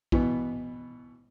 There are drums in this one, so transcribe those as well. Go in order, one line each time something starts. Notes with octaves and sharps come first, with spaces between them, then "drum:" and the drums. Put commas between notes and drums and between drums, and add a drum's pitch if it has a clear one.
B2 E3 B3, drum: kick A#1